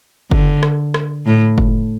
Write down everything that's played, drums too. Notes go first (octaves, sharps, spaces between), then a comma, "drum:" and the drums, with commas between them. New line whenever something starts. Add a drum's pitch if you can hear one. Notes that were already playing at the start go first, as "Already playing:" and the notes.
D3, drum: kick F#1
drum: rim click
drum: rim click
A2
drum: kick F#1